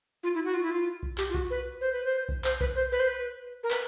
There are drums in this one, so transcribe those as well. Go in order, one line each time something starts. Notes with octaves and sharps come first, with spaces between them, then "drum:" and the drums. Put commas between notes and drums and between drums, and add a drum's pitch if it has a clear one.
F4
E4
F#4
F4
E4
F4
drum: kick B1
G4, drum: clap
F4
F#4, drum: kick B1
B4
C5
B4
C5
drum: kick B1
C5, drum: clap
B4, drum: kick B1
C5
B4
C5
B4
A#4
B4, drum: clap